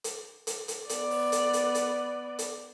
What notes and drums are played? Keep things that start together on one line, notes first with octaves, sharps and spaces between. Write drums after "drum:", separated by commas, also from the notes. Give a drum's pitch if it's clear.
drum: hi-hat
drum: hi-hat
drum: hi-hat
B3 D5, drum: hi-hat
drum: open hi-hat
drum: hi-hat
drum: hi-hat
drum: hi-hat
drum: hi-hat